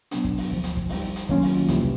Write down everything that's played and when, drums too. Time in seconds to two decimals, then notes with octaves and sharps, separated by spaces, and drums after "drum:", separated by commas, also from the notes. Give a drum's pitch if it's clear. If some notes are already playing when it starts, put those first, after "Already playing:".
0.11 B2 F#3 B3 D4, drum: hi-hat
0.24 drum: kick
0.37 drum: open hi-hat
0.50 D2 D3 F3
0.64 drum: hi-hat
0.77 drum: kick
0.89 G3 C4 D#4, drum: open hi-hat
1.16 drum: hi-hat
1.29 D#3 F#3 A#3 C#4 F4, drum: kick
1.42 drum: open hi-hat
1.68 C#2 C3 E3 G3, drum: hi-hat
1.81 drum: kick